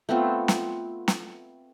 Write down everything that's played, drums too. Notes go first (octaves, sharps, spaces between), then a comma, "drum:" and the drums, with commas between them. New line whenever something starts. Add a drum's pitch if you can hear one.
A3 B3 C4 F4
drum: snare
drum: snare